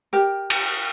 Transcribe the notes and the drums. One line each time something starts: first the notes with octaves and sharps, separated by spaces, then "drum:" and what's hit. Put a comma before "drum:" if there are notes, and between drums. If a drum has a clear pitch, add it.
G4 A#4
drum: cymbal